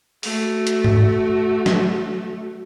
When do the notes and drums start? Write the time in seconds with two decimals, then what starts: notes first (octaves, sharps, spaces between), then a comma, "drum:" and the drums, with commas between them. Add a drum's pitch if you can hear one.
0.23 A3 F#4, drum: open hi-hat
0.67 drum: hi-hat
0.84 drum: tom G#2
1.66 drum: snare